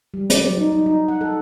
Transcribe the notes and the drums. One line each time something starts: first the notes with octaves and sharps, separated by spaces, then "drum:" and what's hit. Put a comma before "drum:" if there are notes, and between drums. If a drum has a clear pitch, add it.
G3
D5, drum: hi-hat
F#3
D#4
D#4
D#4
F#5
A4